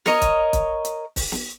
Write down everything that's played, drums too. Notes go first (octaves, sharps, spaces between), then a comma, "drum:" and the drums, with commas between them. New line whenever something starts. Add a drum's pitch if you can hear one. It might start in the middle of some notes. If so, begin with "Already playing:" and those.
A#4 C#5 D#5, drum: snare
drum: kick, hi-hat
drum: kick, hi-hat
drum: hi-hat
drum: kick, open hi-hat
drum: snare